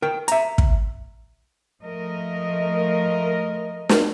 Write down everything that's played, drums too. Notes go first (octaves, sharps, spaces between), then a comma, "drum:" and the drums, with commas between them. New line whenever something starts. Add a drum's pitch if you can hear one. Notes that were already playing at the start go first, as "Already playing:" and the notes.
A#4 G5
E5 A#5, drum: hi-hat
drum: kick
F3 A3 A#4 D#5
drum: snare